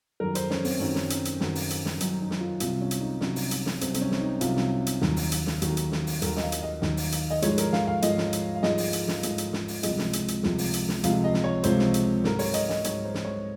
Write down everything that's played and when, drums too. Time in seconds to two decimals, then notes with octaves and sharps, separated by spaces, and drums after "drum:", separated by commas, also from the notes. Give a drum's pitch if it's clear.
0.20 F#2 D#3 F#3 A#4
0.35 C5, drum: hi-hat
0.50 C#4, drum: snare
0.65 C4, drum: open hi-hat
0.80 F#2 D#3 F#3 C#4
0.95 drum: snare
1.10 drum: hi-hat
1.25 drum: hi-hat
1.40 F#2 D#3 F#3, drum: snare
1.55 drum: open hi-hat
1.70 drum: hi-hat
1.85 drum: snare
2.00 F#2 D#3 F#3 D#4, drum: hi-hat
2.21 D#4
2.31 drum: snare
2.41 F4
2.60 C2 C3 F#3 F4, drum: hi-hat
2.81 C#4
2.91 drum: hi-hat
3.00 D#4
3.21 C2 C3 F#3 C#4, drum: snare
3.36 drum: open hi-hat
3.51 drum: hi-hat
3.66 drum: snare
3.81 C2 C3 F#3 C4, drum: hi-hat
3.94 C4, drum: hi-hat
4.01 C#4
4.11 drum: snare
4.21 D#4
4.41 C2 C3 F#3 F4, drum: hi-hat
4.56 drum: snare
4.87 drum: hi-hat
5.01 D#2 D#3 F#3, drum: snare
5.17 drum: open hi-hat
5.32 drum: hi-hat
5.47 drum: snare
5.62 D#2 D#3 F#3 F#4, drum: hi-hat
5.77 drum: hi-hat
5.92 drum: snare
6.07 drum: open hi-hat
6.22 D#2 D#3 F#3 A#4, drum: hi-hat
6.37 D#5, drum: snare
6.42 F5
6.52 drum: hi-hat
6.62 D#5
6.82 D#2 D#3 F#3, drum: snare
6.97 drum: open hi-hat
7.12 drum: hi-hat
7.30 D#5
7.42 G#2 F3 G#3 C#5, drum: hi-hat
7.58 A#4, drum: hi-hat
7.73 F5, drum: snare
7.87 F5
8.02 G#2 F3 G#3 D#5, drum: hi-hat
8.18 drum: snare
8.33 drum: hi-hat
8.55 F5
8.63 G#2 F3 G#3 D#5, drum: snare
8.78 drum: open hi-hat
8.93 drum: hi-hat
9.08 drum: snare
9.23 G#2 F3 G#3, drum: hi-hat
9.38 drum: hi-hat
9.53 drum: snare
9.68 drum: open hi-hat
9.83 C#2 C3 F3 G#3 D#5, drum: hi-hat
9.98 drum: snare
10.13 drum: hi-hat
10.28 drum: hi-hat
10.43 C#2 C3 F3 G#3, drum: snare
10.58 drum: open hi-hat
10.73 drum: hi-hat
10.89 drum: snare
11.04 C#2 C3 F3 G#3 F5, drum: hi-hat
11.24 D#5
11.34 drum: snare
11.44 C#5
11.63 C#2 C3 F3 G#3 C5, drum: hi-hat
11.79 drum: snare
11.94 drum: hi-hat
12.24 G#2 F#3 A#4, drum: snare
12.39 C#5, drum: open hi-hat
12.54 D#5, drum: hi-hat
12.69 D#5, drum: snare
12.84 G#2 F#3 C#5, drum: hi-hat
13.04 C5
13.14 drum: snare
13.25 C#5